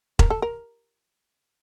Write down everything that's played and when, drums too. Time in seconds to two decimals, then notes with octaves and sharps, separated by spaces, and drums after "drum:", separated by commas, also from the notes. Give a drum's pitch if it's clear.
0.19 A#4, drum: kick E1
0.30 A4
0.42 A#4